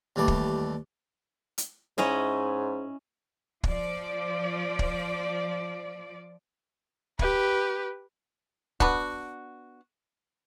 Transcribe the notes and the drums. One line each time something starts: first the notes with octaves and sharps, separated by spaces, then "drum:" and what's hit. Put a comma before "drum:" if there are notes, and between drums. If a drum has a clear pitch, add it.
D#2 E3 G3 A3 D5
drum: kick
drum: hi-hat
G#2 C#4 E4 D#5, drum: snare
F3 D5, drum: kick
drum: kick
G4 B4, drum: kick
B3 D4 F#4, drum: kick